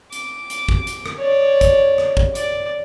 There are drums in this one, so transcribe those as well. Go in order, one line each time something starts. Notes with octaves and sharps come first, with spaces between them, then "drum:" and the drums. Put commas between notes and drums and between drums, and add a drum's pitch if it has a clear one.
D6, drum: hi-hat
drum: hi-hat
drum: kick
drum: hi-hat
drum: rim click
C#5 D5
drum: kick, hi-hat
drum: rim click
drum: kick
D5, drum: hi-hat